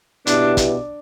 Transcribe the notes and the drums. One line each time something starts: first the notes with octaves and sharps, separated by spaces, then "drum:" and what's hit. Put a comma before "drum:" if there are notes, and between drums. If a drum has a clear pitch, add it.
B2 B3 D4 E4 G4, drum: hi-hat
drum: kick, hi-hat